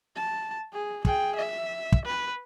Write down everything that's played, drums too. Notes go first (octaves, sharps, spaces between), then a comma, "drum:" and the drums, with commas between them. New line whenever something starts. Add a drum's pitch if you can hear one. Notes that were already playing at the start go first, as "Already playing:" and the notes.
A5
G#4
G#4 G5, drum: kick
E5
drum: kick
B4